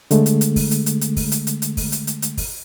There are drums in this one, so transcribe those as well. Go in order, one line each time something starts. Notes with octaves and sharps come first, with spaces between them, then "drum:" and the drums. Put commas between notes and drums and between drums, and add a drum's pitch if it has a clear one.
D3 G#3 A3, drum: hi-hat
drum: hi-hat
drum: hi-hat
drum: kick, open hi-hat
drum: hi-hat
drum: hi-hat
drum: hi-hat
drum: kick, open hi-hat
drum: hi-hat
drum: hi-hat
drum: hi-hat
drum: kick, open hi-hat
drum: hi-hat
drum: hi-hat
drum: hi-hat
drum: kick, open hi-hat